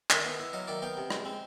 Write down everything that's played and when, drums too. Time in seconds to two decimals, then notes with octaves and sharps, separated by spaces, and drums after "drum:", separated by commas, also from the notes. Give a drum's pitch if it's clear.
0.10 D#3 E5 F#5, drum: clap
0.25 B3
0.39 E4
0.53 F#3 D#5 F5
0.67 D#3 D5 E5
0.82 B3 F5 G5
0.97 C3
1.10 G#3, drum: rim click
1.25 C4